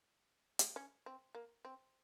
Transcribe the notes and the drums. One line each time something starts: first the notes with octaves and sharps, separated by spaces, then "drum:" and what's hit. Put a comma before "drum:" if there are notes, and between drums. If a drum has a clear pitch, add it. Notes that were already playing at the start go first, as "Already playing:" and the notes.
drum: hi-hat
C#4
C4
A#3
C4